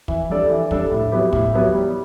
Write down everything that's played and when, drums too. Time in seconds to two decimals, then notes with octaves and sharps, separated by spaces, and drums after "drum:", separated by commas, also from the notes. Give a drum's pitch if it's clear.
0.08 E3, drum: kick
0.30 G3 D4 A4 D5
0.50 E3
0.71 G3 D4 A4 D5, drum: kick
0.91 A2
1.12 F#3 B3 E4 G4
1.33 A2, drum: kick
1.53 F#3 B3 E4 G4
1.74 G3